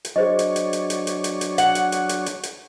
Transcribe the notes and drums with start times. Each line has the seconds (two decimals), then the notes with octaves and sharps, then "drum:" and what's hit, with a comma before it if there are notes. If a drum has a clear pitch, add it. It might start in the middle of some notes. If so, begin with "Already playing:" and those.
0.05 drum: hi-hat
0.16 F#3 D4 G#4 C5 C#5 D#5
0.39 drum: hi-hat
0.56 drum: hi-hat
0.73 drum: hi-hat
0.90 drum: hi-hat
1.07 drum: hi-hat
1.24 drum: hi-hat
1.41 drum: hi-hat
1.58 F#5, drum: hi-hat
1.75 drum: hi-hat
1.92 drum: hi-hat
2.09 drum: hi-hat
2.26 drum: hi-hat
2.43 drum: hi-hat